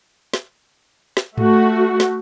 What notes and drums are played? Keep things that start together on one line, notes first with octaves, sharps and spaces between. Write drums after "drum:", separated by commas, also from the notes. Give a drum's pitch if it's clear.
drum: snare
drum: snare
A3 F#4, drum: tom G#2
drum: snare